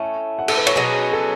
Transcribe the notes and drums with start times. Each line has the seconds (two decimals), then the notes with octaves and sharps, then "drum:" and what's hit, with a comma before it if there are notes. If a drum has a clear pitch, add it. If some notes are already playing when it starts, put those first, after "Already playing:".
Already playing: A2 A3 C#4
0.39 F#5
0.48 A4, drum: cymbal
0.57 B4
0.67 C#5, drum: cymbal
0.76 B2 F#3 C#4 G#4 B4
1.13 A4